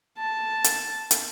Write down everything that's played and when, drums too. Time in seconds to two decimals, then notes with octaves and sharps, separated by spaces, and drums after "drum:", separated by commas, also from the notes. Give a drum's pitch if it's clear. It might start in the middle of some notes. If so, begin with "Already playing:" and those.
0.18 A5
0.64 drum: hi-hat
1.11 drum: hi-hat